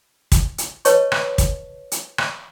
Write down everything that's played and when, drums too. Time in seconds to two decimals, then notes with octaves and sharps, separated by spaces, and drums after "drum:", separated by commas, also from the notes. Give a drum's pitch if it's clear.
0.32 drum: kick, hi-hat
0.58 drum: hi-hat
0.85 B4 C#5 D#5 A5 C#6, drum: hi-hat
1.12 drum: rim click
1.38 drum: kick, hi-hat
1.92 drum: hi-hat
2.18 drum: rim click